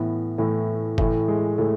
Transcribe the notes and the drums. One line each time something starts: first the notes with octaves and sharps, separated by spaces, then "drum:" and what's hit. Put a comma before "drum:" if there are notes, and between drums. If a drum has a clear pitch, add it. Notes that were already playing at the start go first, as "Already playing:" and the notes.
Already playing: A2 E3 B3
A2 E3 A3
A2 E3 A3, drum: kick F#1
G#3
A2 A3